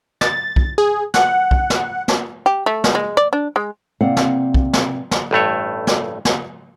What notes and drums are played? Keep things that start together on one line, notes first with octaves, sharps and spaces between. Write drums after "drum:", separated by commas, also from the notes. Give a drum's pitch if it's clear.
A6, drum: snare
drum: kick
G#4
F#5, drum: snare
drum: kick
drum: snare
drum: snare
G4
A3
drum: snare
G#3
D5
D4
G#3
C3 A#3 C4 D5 F5 F#5
drum: snare
drum: kick
drum: snare
drum: snare
A1 G2 A3 C#5
drum: snare
drum: snare